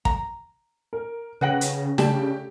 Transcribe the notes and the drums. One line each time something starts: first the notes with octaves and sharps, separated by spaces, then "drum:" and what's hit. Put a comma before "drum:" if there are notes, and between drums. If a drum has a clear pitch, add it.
A#5, drum: kick
A#4
C#3 C#4 B4 F#5 G5 A#6 F#7
drum: hi-hat
C#3 A3 D4 G4 A5, drum: snare